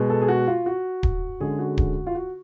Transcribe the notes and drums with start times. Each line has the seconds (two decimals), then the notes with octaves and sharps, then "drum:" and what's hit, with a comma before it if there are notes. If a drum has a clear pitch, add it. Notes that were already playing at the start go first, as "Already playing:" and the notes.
Already playing: B2 G#3 B3
0.10 A4
0.21 G#4
0.28 F#4
0.47 F4
0.66 F#4
1.03 drum: kick D1
1.40 D3 G#3 C#4 G#4
1.59 F#4
1.78 drum: kick D1
2.07 F4
2.15 F#4